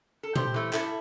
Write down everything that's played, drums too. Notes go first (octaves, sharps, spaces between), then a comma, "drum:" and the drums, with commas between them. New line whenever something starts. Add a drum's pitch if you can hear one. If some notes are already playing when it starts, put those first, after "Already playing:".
A4
G2 G4 C5, drum: tom A#2
E3 A3
G2 E4 A4, drum: clap